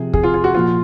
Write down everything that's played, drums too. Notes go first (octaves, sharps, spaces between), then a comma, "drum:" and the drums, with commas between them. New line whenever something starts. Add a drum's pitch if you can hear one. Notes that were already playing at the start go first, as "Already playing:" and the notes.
Already playing: C3 F3 G#4
G#4, drum: kick
F4
F4
F#4
A#2 F3 F4